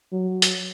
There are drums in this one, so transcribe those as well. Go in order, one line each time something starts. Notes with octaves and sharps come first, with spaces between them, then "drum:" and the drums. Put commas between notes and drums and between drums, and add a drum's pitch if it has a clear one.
F#3
drum: hi-hat